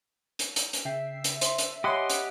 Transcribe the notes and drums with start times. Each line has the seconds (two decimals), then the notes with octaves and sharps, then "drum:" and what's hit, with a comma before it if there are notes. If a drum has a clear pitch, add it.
0.39 drum: hi-hat
0.56 drum: hi-hat
0.73 drum: hi-hat
0.85 C#3 E5 G5 C7
1.24 drum: hi-hat
1.41 C5 C6, drum: hi-hat
1.58 drum: hi-hat
1.84 G4 C#5 D#5 F#5 G#5 B5 C6
2.10 drum: hi-hat